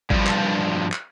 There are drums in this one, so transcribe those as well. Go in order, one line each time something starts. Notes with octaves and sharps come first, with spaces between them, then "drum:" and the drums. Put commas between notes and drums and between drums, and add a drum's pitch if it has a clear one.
G2 F3, drum: kick G#1
drum: clap
drum: clap